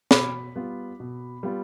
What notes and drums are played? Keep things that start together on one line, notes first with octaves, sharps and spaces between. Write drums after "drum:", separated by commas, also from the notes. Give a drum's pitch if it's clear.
B2 B5 D6, drum: snare
G3 B3 F4
B2
G3 B3 F4